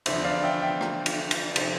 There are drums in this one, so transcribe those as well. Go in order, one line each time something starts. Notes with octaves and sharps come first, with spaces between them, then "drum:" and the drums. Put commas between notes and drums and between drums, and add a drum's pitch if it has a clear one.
E2 D3 F3 B3 D4 C5 E5, drum: cymbal
D5 F5
E5 G5
E5 G5
drum: rim click
drum: cymbal
drum: cymbal
C3 F3 C4 E4, drum: cymbal